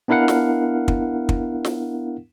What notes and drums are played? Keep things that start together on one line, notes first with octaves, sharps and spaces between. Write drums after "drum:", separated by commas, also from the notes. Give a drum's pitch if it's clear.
B3 D4 E4 A#4 F5 F#5
drum: snare
drum: kick
drum: kick
drum: snare